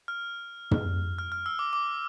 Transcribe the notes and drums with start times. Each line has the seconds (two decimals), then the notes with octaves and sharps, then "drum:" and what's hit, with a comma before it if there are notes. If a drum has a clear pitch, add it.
0.08 F6
0.71 drum: tom
1.18 F6
1.32 F6
1.46 E6
1.59 D6
1.73 D6